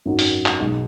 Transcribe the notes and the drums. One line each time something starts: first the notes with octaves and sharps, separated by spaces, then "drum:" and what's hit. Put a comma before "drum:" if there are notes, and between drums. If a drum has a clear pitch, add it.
G#1 F#2 D#3 F#3 D#4
drum: open hi-hat
drum: clap
B1 B2 G#3 D#4